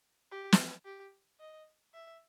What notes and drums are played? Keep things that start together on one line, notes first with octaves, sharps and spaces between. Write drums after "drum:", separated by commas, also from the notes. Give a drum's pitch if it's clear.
G4
drum: snare
G4
D#5
E5